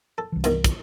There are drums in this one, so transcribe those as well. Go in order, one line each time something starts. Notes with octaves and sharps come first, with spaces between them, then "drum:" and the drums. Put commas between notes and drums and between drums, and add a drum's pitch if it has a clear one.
A4
C2 E3
G2 B2 D#3, drum: hi-hat
drum: kick, hi-hat